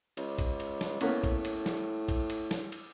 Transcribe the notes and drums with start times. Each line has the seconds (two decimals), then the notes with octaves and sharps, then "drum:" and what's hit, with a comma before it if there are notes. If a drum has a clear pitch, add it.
0.17 C#2, drum: cymbal
0.38 drum: kick A1, cymbal
0.60 drum: cymbal
0.81 drum: snare
1.01 A2 A#3 B3 C#4, drum: cymbal
1.23 drum: kick A1, cymbal
1.45 drum: cymbal
1.66 drum: snare
2.08 drum: kick A1, cymbal
2.30 drum: cymbal
2.51 drum: snare
2.72 drum: cymbal